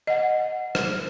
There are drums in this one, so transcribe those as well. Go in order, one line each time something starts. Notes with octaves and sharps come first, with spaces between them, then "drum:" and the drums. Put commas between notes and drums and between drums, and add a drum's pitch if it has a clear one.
D#5 F#5
drum: rim click